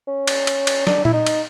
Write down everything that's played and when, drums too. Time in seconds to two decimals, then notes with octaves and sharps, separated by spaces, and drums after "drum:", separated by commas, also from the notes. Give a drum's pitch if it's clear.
0.07 C#4
0.27 drum: cymbal
0.47 drum: cymbal
0.67 drum: cymbal
0.87 D4, drum: snare
1.05 E4, drum: tom A#2
1.14 D#4
1.26 drum: cymbal